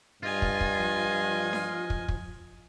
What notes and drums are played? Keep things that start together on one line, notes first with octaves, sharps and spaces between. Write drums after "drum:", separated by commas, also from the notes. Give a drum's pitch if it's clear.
G2 F4 D#5 G#5
drum: kick
drum: kick
F3
drum: snare D4
drum: kick
drum: kick